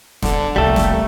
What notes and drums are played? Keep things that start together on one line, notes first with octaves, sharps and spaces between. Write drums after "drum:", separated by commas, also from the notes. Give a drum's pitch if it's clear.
D3, drum: snare
C2 F3 G3 A3 A#3 A4
drum: snare